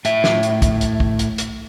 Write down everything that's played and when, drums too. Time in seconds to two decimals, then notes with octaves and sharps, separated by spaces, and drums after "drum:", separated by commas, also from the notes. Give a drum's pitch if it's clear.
0.05 A2 E5, drum: hi-hat
0.24 drum: snare
0.43 drum: hi-hat
0.62 drum: kick, hi-hat
0.81 drum: hi-hat
1.00 drum: kick
1.19 drum: hi-hat
1.38 drum: hi-hat